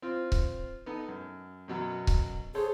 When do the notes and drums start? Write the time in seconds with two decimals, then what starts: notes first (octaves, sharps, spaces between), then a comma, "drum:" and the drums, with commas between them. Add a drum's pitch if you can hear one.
0.02 C4 F4
0.32 drum: kick C#1
0.86 B3 D#4 A4
1.08 F#2
1.68 F#2 B2 F#3
2.07 drum: kick C#1
2.55 G#4 A4 C5 C#5